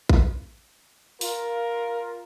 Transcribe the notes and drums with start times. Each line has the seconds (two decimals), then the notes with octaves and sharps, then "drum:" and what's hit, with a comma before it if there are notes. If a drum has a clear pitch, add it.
0.09 drum: kick
1.21 F4 A#4, drum: open hi-hat